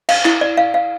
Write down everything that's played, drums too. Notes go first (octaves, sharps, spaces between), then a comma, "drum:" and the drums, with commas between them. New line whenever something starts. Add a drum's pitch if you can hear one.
F5, drum: cymbal
E4, drum: clap
D5
F5
F5